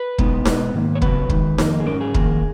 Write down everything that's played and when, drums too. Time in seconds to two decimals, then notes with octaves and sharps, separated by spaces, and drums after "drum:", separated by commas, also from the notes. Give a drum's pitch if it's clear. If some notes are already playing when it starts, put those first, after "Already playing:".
Already playing: B4
0.18 B2 G#3 B3 D#4, drum: kick
0.45 B2 G#3 B3 D#4, drum: snare D#4
0.74 G#2 D#3 A#3
0.95 C#5
1.02 C#3 F#3 B3 B4, drum: kick
1.30 D#3 G#3 D#4, drum: kick
1.58 F2 D#3 A#3 D#4, drum: snare D#4
1.80 G#4
1.86 G#2 F#3 C#4 A#4
2.01 G#4
2.14 F2 D#3 A#3, drum: kick